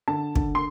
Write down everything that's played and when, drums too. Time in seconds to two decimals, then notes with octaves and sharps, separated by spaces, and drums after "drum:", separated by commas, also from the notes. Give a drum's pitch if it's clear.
0.08 D3 A5
0.36 D3, drum: kick
0.55 C6